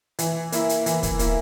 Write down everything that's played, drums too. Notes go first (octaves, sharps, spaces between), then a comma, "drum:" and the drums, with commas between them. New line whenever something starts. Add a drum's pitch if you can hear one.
E3, drum: hi-hat
A#3 E4, drum: hi-hat
drum: hi-hat
E3, drum: hi-hat
drum: kick, hi-hat
A#3 E4, drum: hi-hat